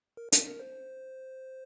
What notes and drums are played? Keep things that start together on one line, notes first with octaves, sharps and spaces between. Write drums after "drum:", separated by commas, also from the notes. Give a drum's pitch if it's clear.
A#4
A#4, drum: hi-hat
A#4
C5